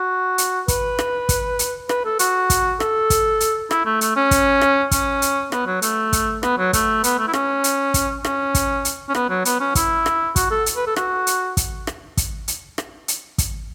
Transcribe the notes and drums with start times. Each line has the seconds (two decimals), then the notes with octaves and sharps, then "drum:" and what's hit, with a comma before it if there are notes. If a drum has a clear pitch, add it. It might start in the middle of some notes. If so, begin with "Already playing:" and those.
Already playing: F#4
0.38 drum: hi-hat
0.68 B4, drum: kick, hi-hat
0.99 drum: rim click
1.29 drum: kick, hi-hat
1.59 drum: hi-hat
1.89 B4, drum: rim click
2.05 A4
2.19 F#4, drum: hi-hat
2.50 drum: kick, hi-hat
2.80 A4, drum: rim click
3.10 drum: kick, hi-hat
3.40 drum: hi-hat
3.71 E4, drum: rim click
3.86 A3
4.01 A3, drum: hi-hat
4.16 C#4
4.31 drum: kick, hi-hat
4.61 drum: rim click
4.91 C#4, drum: kick, hi-hat
5.22 drum: hi-hat
5.52 B3, drum: rim click
5.67 F#3
5.82 A3, drum: hi-hat
6.13 drum: kick, hi-hat
6.43 B3, drum: rim click
6.58 F#3
6.73 A3, drum: kick, hi-hat
7.04 B3, drum: hi-hat
7.19 A3
7.28 E4
7.33 C#4, drum: rim click
7.64 drum: hi-hat
7.94 drum: kick, hi-hat
8.24 C#4, drum: rim click
8.55 drum: kick, hi-hat
8.85 drum: hi-hat
9.09 C#4
9.15 B3, drum: rim click
9.30 F#3
9.45 B3, drum: hi-hat
9.60 C#4
9.75 E4, drum: kick, hi-hat
10.06 drum: rim click
10.36 F#4, drum: kick, hi-hat
10.51 A4
10.66 drum: hi-hat
10.76 B4
10.86 A4
10.96 F#4, drum: rim click
11.27 drum: hi-hat
11.57 drum: kick, hi-hat
11.87 drum: rim click
12.17 drum: kick, hi-hat
12.48 drum: hi-hat
12.78 drum: rim click
13.08 drum: hi-hat
13.38 drum: kick, hi-hat